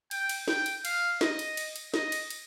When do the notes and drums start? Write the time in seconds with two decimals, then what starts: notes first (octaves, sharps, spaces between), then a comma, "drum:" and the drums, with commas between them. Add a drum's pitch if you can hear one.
0.11 G5, drum: cymbal
0.29 drum: cymbal
0.48 G5, drum: snare
0.66 drum: cymbal
0.85 F5, drum: cymbal
1.21 D#5, drum: snare
1.39 drum: cymbal
1.57 drum: cymbal
1.76 drum: cymbal
1.94 D#5, drum: snare
2.12 drum: cymbal
2.30 drum: cymbal